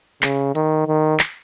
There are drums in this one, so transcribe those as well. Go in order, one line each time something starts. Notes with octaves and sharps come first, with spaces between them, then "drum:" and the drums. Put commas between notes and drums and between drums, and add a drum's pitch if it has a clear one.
C#3, drum: clap
D#3, drum: hi-hat
D#3
drum: clap